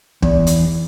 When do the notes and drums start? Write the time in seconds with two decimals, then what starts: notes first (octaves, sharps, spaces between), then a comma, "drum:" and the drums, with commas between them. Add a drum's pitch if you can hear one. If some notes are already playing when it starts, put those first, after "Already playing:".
0.22 E2, drum: kick
0.47 drum: hi-hat